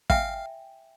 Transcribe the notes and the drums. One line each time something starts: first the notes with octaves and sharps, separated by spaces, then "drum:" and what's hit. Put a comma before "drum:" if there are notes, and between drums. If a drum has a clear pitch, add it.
E5 F5 G5 G#5, drum: kick